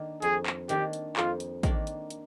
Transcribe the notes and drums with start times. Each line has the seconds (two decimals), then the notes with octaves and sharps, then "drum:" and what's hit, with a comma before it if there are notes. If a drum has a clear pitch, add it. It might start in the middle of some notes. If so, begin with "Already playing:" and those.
Already playing: D#3 A#3 D4
0.22 F2 G#4, drum: hi-hat
0.46 drum: clap
0.69 D#3 A#3 D4 G4, drum: hi-hat
0.93 drum: hi-hat
1.17 F2 F4, drum: clap
1.40 drum: hi-hat
1.63 D#3 A#3 D4, drum: kick, hi-hat
1.87 drum: hi-hat
2.10 drum: hi-hat